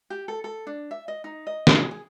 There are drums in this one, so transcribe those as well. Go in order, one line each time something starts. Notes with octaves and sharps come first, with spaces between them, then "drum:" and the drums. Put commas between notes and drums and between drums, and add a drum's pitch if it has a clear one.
G4
A4
A4
D4
E5
D#5
D#4
D#5
drum: snare
G#4
G#4